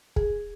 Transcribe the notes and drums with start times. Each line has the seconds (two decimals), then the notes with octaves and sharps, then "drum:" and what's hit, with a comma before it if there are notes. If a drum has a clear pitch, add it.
0.16 G#4, drum: kick